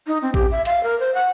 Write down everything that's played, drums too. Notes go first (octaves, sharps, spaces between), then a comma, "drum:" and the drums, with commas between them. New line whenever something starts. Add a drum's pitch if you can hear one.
D#4
C4
G4, drum: kick
E5
F5, drum: hi-hat
A#4
C5
F#5